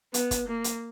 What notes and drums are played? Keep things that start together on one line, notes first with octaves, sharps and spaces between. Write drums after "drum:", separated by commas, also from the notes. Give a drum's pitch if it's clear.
B3, drum: hi-hat
drum: kick, hi-hat
A#3
drum: hi-hat